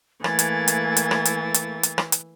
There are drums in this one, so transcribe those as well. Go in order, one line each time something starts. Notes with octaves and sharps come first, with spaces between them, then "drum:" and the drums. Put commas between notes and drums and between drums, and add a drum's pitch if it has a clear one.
E3 A3 A#3 G#5 A6, drum: rim click
drum: hi-hat
drum: hi-hat
drum: hi-hat
drum: rim click
drum: hi-hat
drum: hi-hat
drum: hi-hat
drum: rim click
drum: hi-hat